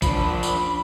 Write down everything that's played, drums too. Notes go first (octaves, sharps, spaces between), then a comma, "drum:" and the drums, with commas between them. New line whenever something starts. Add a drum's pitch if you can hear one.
F3 D4 B5, drum: kick A1, tambourine
drum: tambourine